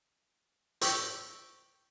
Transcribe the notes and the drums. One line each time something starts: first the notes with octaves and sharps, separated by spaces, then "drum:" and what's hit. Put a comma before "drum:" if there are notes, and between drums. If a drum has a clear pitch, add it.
G5 C#6 D6 E6, drum: hi-hat